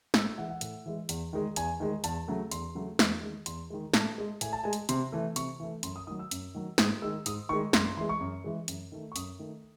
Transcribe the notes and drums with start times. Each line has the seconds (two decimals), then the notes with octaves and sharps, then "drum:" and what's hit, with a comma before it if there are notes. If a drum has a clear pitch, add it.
0.14 A2 E6, drum: snare
0.26 E6
0.38 E3 G#3 F#5
0.50 F#5
0.61 A2, drum: hi-hat
0.86 E3 G#3
1.09 E2, drum: hi-hat
1.33 D#3 G#3
1.56 E2 G#5, drum: hi-hat
1.80 D#3 G#3
2.04 E2 A5, drum: hi-hat
2.28 C#3 F#3 A3
2.51 E2 C6, drum: hi-hat
2.75 C#3 F#3 A3
2.99 E2, drum: snare
3.23 D#3 G#3
3.46 E2 C6, drum: hi-hat
3.70 D#3 G#3
3.94 A2 A5, drum: snare
4.18 G#3
4.41 A2 G#5, drum: hi-hat
4.53 A5
4.64 G#3 G#5
4.73 drum: hi-hat
4.89 C3 C6, drum: hi-hat
5.12 E3 A3
5.36 C3 C#6, drum: hi-hat
5.60 E3 A3
5.83 F#2 C6, drum: hi-hat
5.96 D#6
6.07 D#3 F#3 D#6
6.19 E6
6.31 F#2, drum: hi-hat
6.55 D#3 F#3
6.78 G#2 D#6, drum: snare
7.02 D#3 G#3 E6
7.26 G#2 D#6, drum: hi-hat
7.49 D#3 G#3 C#6
7.73 F#2 C6, drum: snare
7.85 C6
7.97 E3 G#3 C6
8.09 C#6
8.20 F#2
8.44 E3 G#3
8.68 F#2, drum: hi-hat
8.92 D#3 A3
9.12 C#6
9.16 F#2 D#6, drum: hi-hat
9.39 D#3 A3